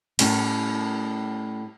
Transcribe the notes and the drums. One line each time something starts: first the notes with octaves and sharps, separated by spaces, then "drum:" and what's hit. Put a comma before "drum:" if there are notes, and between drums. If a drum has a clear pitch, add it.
A2 G3 C#4, drum: cymbal